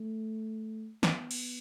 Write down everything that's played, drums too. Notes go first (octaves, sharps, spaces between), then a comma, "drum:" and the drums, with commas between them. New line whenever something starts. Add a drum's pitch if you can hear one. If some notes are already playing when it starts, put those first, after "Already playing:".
Already playing: A3
B3, drum: snare
drum: cymbal